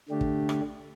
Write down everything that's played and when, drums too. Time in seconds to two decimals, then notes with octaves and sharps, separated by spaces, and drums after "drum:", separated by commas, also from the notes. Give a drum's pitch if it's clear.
0.09 D3 A3 D4 G4
0.21 drum: kick
0.49 drum: rim click